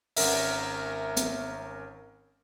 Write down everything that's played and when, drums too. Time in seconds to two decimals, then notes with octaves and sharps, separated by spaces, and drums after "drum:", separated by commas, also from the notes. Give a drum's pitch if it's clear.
0.16 G#1 C#4 A#4 E5, drum: open hi-hat
1.17 drum: hi-hat